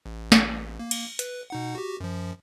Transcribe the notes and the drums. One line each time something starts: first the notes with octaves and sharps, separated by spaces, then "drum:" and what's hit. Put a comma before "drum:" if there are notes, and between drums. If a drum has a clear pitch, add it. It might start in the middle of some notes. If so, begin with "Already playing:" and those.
A1
drum: snare
A#3
drum: cymbal
B4, drum: hi-hat
B2 D#4 F#5
F#4 G4
F#2 F3